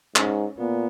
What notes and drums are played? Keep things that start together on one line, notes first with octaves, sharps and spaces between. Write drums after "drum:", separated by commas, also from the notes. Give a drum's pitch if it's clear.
G#2 C#4, drum: clap
A#2 B3